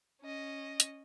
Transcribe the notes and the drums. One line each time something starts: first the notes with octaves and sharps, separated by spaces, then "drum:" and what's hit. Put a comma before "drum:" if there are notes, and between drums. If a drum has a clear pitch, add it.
C#4 D#5
drum: hi-hat